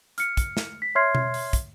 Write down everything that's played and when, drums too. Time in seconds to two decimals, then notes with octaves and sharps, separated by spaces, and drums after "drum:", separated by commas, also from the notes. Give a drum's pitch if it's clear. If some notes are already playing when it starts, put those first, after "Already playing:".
0.18 F6 C#7, drum: hi-hat
0.37 drum: kick, hi-hat
0.57 drum: snare
0.82 B6
0.95 C#5 E5 C6 F6 G#6 C7
1.15 drum: tom B2
1.34 drum: open hi-hat
1.53 drum: kick, hi-hat